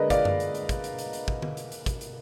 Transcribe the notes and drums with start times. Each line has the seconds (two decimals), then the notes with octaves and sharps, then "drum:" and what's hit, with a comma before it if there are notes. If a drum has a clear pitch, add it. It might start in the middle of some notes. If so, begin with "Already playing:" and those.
Already playing: D3 G#3 A#4 B4 D5 D#5
0.10 D5 F5, drum: kick, hi-hat
0.25 drum: tom F#2
0.40 drum: hi-hat
0.55 drum: hi-hat
0.69 drum: kick, hi-hat
0.84 drum: hi-hat
0.99 drum: hi-hat
1.13 drum: hi-hat
1.28 drum: kick
1.42 drum: tom D3
1.57 drum: hi-hat
1.72 drum: hi-hat
1.86 drum: kick, hi-hat
2.01 drum: hi-hat